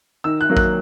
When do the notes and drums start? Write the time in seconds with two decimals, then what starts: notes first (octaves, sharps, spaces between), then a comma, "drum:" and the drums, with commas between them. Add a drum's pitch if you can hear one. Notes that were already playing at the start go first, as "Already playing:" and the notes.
0.24 D#3 E6
0.41 F#6
0.50 F#3 A#3
0.57 F#6, drum: kick A1